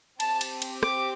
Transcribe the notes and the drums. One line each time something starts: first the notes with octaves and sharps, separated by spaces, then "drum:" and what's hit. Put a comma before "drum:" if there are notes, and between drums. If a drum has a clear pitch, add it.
C4 G4 A5, drum: cymbal
drum: cymbal
drum: cymbal
D6, drum: rim click